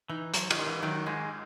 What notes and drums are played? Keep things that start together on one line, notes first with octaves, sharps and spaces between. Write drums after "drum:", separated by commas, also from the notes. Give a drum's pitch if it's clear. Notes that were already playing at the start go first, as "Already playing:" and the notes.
E3 D#4
G#2 F#3, drum: hi-hat
D#3, drum: cymbal
G#2
E3
D#3 F#3
G#2 G#3